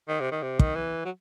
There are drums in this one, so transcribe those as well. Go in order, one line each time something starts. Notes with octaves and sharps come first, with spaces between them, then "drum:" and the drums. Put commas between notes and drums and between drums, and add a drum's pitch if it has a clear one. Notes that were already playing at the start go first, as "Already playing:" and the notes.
D#3
C3
D#3
C3
D#3, drum: kick
E3
F#3